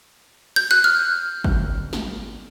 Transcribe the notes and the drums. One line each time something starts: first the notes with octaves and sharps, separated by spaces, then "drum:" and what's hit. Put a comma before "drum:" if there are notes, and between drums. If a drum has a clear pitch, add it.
G6
F#6
F6
drum: kick G1
drum: snare